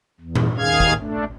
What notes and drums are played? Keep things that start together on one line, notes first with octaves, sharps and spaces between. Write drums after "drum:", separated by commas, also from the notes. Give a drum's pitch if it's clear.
E2
drum: tom A#2
D#2 D#3 G#4 F5 F6 G#6
drum: kick
A3 D4